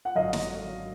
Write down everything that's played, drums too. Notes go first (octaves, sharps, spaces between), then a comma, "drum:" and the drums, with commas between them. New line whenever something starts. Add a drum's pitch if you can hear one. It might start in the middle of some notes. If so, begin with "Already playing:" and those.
F#5
G#1 F#2 D3 F#3 D#5 F5
drum: snare